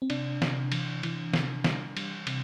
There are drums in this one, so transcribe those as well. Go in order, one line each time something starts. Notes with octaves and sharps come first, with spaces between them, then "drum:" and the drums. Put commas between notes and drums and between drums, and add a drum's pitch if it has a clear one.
C4
C3 D4, drum: cymbal
C3, drum: snare
E3, drum: cymbal
E3, drum: cymbal
C3, drum: snare
G3, drum: snare
G3, drum: cymbal
C3, drum: cymbal